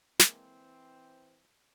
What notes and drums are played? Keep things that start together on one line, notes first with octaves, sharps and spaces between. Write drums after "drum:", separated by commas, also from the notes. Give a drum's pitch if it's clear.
E3 G#3 A#3 C4, drum: snare